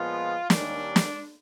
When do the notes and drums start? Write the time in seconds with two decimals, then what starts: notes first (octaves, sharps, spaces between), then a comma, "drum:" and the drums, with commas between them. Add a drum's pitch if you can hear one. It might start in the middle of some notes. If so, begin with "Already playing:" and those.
Already playing: A#2 F3 G#3 B3 F4
0.50 D#2 D#3 G3 A#3 C#4 D4, drum: snare
0.96 drum: snare